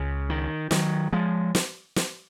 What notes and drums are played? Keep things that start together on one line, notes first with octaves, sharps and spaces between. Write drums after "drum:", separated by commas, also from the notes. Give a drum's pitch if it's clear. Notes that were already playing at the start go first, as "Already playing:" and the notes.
Already playing: C#2 C#3
D#3
D#3 F#3, drum: snare
F3 G#3
drum: snare
drum: snare